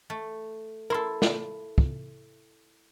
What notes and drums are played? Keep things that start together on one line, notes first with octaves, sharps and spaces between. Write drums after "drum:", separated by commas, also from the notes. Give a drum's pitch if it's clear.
A3
E4 A4 A#4 C6
drum: snare
drum: kick